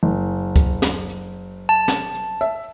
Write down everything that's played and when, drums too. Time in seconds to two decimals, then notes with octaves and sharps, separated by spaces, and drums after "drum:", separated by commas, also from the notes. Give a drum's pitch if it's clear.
0.03 F#1
0.56 drum: kick, hi-hat
0.82 drum: snare
1.09 drum: hi-hat
1.69 A5
1.88 drum: snare
2.14 drum: hi-hat
2.41 E5